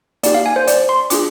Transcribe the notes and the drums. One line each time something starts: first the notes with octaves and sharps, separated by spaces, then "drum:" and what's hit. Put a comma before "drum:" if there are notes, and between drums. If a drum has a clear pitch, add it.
A#3 D#4 G4 D5, drum: hi-hat
F5
G#5
C5
D5, drum: hi-hat
C6
D4 F4 G#4 D6, drum: hi-hat